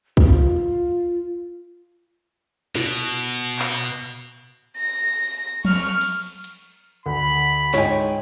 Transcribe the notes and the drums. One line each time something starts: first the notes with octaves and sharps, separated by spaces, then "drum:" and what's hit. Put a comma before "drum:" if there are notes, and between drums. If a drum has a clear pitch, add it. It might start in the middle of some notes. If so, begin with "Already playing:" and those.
F4, drum: kick
B2, drum: snare
drum: clap
A#6
C#6 F6, drum: tom F3
drum: cymbal
drum: hi-hat
D2 B5
G#2 C#5 D#5 G5 G#5, drum: snare